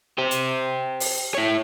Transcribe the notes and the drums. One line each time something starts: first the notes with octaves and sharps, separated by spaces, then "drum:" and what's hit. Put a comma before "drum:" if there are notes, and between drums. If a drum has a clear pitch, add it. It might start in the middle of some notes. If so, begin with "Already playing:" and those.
G4 C5
drum: hi-hat
drum: open hi-hat
E4 C#5